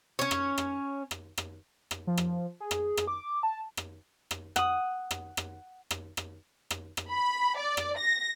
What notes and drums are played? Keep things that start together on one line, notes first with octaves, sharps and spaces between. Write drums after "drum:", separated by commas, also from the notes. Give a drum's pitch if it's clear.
C#4 C#5
drum: rim click
drum: rim click
drum: rim click
drum: rim click
drum: rim click
F3
drum: rim click
G#4
drum: rim click
drum: rim click
D6
A5
drum: rim click
drum: rim click
F#5 D#6, drum: rim click
drum: rim click
drum: rim click
drum: rim click
drum: rim click
drum: rim click
drum: rim click
B5
D5
drum: rim click
A#6